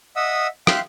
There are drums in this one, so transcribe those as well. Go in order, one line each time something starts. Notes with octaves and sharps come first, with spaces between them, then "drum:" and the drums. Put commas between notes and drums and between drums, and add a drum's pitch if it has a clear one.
D#5 E5 F#5 D#6 E6
E5 F5 G5 C6 F#6, drum: rim click